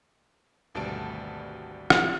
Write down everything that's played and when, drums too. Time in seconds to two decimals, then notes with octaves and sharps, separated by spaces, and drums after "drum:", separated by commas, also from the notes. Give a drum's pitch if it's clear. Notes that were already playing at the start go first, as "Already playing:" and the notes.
0.75 G#1 D2 B2 G3 A5 D7
1.90 drum: rim click